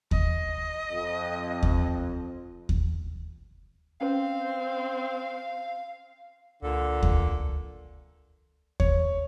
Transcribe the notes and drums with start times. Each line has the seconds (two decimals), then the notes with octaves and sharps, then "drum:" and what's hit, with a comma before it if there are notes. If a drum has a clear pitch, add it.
0.11 D#5, drum: kick D#2
0.91 F2
1.63 drum: kick D#2
2.69 drum: kick D#2
4.01 C4 C#4 B4 F5
6.62 C#2 A#2 D3 A4
7.03 drum: kick D#2
8.80 C#5, drum: kick D#2